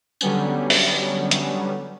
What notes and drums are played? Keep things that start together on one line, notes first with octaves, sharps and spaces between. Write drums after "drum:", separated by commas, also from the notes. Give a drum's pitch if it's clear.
D3 F#3 G3 B3 C#4, drum: tambourine
drum: open hi-hat
drum: hi-hat